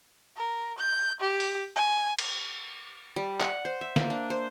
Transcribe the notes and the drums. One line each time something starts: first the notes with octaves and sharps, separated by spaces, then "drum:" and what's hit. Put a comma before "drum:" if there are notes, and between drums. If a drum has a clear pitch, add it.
A#4
G6
G4
drum: open hi-hat
G#5
drum: cymbal
G3
F#5, drum: clap
C5
E5
A#3, drum: snare
D4
C5